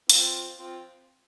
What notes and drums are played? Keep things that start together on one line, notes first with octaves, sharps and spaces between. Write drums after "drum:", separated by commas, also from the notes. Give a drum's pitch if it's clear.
C4 F4, drum: hi-hat
C4 F4